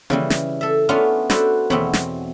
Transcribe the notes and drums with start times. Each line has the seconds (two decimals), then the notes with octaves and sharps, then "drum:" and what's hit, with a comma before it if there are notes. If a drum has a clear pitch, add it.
0.10 C#3 E3 G3, drum: tom A#3
0.30 drum: snare
0.61 A4 E5
0.89 A3 B3 C#4 D4 F4 F5
1.30 D4 F#4 A4 B4 C5, drum: snare
1.70 E2 B2 C4 C#5 B5, drum: tom A#3
1.93 drum: snare